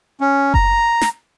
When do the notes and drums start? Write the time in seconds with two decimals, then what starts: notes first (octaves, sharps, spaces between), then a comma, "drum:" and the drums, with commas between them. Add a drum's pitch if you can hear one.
0.21 C#4
0.54 A#5, drum: kick F#1
1.01 drum: snare